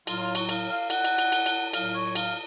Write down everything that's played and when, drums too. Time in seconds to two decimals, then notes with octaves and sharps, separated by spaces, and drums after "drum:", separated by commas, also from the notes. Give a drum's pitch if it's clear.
0.07 A2 F#3 F4, drum: cymbal
0.21 F4
0.35 F#4, drum: cymbal
0.49 F5, drum: cymbal
0.70 F5
0.90 F#5, drum: cymbal
1.04 drum: cymbal
1.18 drum: cymbal
1.32 drum: cymbal
1.46 drum: cymbal
1.73 A2 F#3 F5, drum: cymbal
1.94 C#5
2.15 F5, drum: cymbal